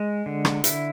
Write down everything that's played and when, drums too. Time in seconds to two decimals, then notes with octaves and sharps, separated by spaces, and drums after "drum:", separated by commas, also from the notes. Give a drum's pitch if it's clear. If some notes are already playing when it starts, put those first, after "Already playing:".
Already playing: G#3
0.26 D3
0.45 drum: rim click
0.64 E4, drum: hi-hat